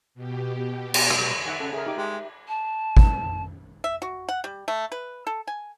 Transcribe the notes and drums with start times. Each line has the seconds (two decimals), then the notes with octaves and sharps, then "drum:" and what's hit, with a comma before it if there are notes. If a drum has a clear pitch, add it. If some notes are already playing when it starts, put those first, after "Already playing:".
0.15 B2 G4
0.94 drum: cymbal
1.10 drum: rim click
1.46 D#3 E5 F#5 G#5
1.60 C#3 C#4 A4 F#5
1.73 G#4 A#4 E5
1.86 D#4 G4 D6
1.98 G#3 G4
2.48 A5
2.97 drum: kick
3.84 E5
4.02 F#4
4.29 F#5
4.44 G3
4.68 A3
4.92 B4
5.27 A4
5.47 G#5